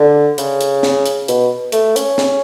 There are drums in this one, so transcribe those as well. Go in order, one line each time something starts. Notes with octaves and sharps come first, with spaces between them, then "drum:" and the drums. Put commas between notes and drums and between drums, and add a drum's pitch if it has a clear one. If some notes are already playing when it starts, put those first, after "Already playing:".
Already playing: D3
C#3, drum: hi-hat
drum: hi-hat
drum: snare
drum: hi-hat
B2, drum: hi-hat
A3, drum: hi-hat
C#4, drum: hi-hat
drum: snare